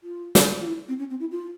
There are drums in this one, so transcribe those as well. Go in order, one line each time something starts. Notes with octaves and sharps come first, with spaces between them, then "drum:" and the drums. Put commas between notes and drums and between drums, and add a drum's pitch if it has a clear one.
F4
drum: snare
F4
E4
C4
C#4
C4
E4
F4